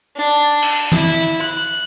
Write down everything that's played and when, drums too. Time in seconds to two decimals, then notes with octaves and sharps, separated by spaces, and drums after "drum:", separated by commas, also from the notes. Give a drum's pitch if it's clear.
0.16 D4
0.62 drum: cymbal
0.92 E4, drum: tom
1.41 F#6